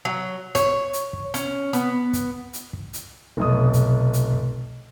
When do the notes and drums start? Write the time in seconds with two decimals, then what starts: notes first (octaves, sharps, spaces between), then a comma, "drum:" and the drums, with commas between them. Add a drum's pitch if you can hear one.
0.05 F#3
0.55 C#5, drum: kick, hi-hat
0.93 drum: hi-hat
1.13 drum: kick
1.34 C#4, drum: hi-hat
1.73 B3, drum: hi-hat
2.13 drum: kick, hi-hat
2.53 drum: hi-hat
2.73 drum: kick
2.93 drum: hi-hat
3.37 F1 B1 D#6
3.73 drum: kick, hi-hat
4.13 drum: hi-hat
4.33 drum: kick